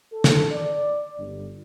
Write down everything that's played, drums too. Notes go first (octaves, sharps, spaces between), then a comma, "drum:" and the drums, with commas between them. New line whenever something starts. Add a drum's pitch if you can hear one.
A4
drum: snare
D5
G1